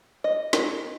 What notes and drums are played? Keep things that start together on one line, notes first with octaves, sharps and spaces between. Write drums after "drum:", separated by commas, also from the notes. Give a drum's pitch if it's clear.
D#5
drum: snare